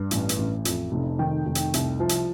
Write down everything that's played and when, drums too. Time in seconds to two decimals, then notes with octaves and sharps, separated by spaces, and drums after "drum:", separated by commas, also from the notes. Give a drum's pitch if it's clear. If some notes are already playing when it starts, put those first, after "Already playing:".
Already playing: G2
0.11 A1, drum: hi-hat
0.29 drum: hi-hat
0.38 A1
0.65 F2, drum: hi-hat
0.92 F1
1.19 D#3 G5
1.46 F1
1.55 drum: hi-hat
1.74 C2, drum: hi-hat
2.00 F3
2.09 drum: hi-hat